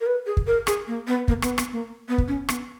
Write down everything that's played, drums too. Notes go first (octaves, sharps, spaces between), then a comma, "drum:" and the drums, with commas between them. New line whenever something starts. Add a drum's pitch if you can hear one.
A#4
B4
G#4
drum: kick
A#4
G#4, drum: rim click
A#3
B3
A#3, drum: kick
B3, drum: rim click
B3, drum: rim click
A#3
B3
drum: kick
C#4
B3, drum: rim click